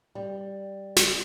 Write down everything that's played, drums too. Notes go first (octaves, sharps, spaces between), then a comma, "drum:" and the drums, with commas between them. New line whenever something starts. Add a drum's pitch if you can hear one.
G3
drum: snare